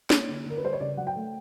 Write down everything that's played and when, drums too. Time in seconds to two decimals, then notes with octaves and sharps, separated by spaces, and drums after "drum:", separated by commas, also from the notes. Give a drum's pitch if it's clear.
0.10 A#3 C#5, drum: snare
0.28 D3
0.46 D3 A#4
0.57 B4
0.64 G3 C5
0.73 C#5
0.80 C#3 D5
0.97 F#3 F#5
1.07 G5
1.16 A3